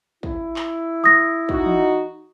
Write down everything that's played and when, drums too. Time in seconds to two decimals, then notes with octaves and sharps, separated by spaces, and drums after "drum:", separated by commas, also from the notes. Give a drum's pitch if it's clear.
0.23 E4, drum: kick
0.56 drum: clap
1.04 D#6 A#6
1.49 D#4 F#4, drum: kick
1.66 drum: tom E3